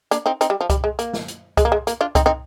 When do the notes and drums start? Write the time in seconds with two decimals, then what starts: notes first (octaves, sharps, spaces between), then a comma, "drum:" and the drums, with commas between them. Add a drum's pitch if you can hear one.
0.11 A#3 D4, drum: hi-hat
0.26 C4 D#4
0.41 C4 D#4, drum: hi-hat
0.50 G3
0.61 F3
0.70 G3, drum: kick C2, hi-hat
0.84 G#3
0.99 A#3, drum: hi-hat
1.13 drum: snare
1.28 drum: hi-hat
1.57 G#3, drum: kick C2, hi-hat
1.65 A#3
1.72 G#3
1.87 A#3, drum: hi-hat
2.01 D4 F4
2.15 C4 D#4, drum: kick C2, hi-hat
2.26 C4 D#4